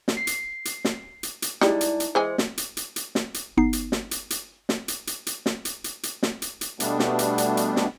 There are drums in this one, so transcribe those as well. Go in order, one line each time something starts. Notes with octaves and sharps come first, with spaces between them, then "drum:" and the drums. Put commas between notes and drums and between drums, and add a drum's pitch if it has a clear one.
drum: snare
C7
drum: hi-hat
drum: hi-hat
drum: snare
drum: hi-hat
drum: hi-hat
G3 G#3 D#4 E4 D5, drum: snare
drum: hi-hat
drum: hi-hat
E3 G#3 C5 G#5
drum: snare
drum: hi-hat
drum: hi-hat
drum: hi-hat
drum: snare
drum: hi-hat
G1 B3 D#4 C7
drum: hi-hat
drum: snare
drum: hi-hat
drum: hi-hat
drum: snare
drum: hi-hat
drum: hi-hat
drum: hi-hat
drum: snare
drum: hi-hat
drum: hi-hat
drum: hi-hat
drum: snare
drum: hi-hat
drum: hi-hat
B2 G3 A3 B3 D4, drum: hi-hat
drum: snare
drum: hi-hat
drum: hi-hat
drum: hi-hat
drum: snare